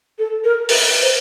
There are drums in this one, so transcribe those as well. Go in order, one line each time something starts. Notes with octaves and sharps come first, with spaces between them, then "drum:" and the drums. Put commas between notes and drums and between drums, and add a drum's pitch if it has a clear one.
A4
A#4
B4, drum: open hi-hat
C5